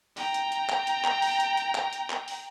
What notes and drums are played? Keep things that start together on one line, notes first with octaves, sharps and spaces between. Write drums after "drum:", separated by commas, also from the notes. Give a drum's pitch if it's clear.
G5 A#5, drum: open hi-hat
drum: hi-hat
drum: hi-hat
drum: clap
drum: hi-hat
drum: clap
drum: open hi-hat
drum: hi-hat
drum: hi-hat
drum: clap
drum: hi-hat
drum: clap
drum: open hi-hat